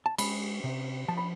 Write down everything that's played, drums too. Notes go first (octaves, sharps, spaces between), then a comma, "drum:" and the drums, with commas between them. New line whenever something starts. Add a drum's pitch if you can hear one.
A5
G#3 B5, drum: cymbal
C3
F3 A5
B5